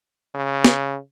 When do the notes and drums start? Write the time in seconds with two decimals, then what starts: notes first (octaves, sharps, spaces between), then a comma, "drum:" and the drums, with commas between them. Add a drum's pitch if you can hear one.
0.35 C#3
0.64 drum: snare